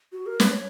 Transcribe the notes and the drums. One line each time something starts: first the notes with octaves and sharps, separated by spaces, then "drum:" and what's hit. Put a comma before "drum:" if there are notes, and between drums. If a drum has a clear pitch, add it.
F#4
A#4
B4, drum: snare
C#5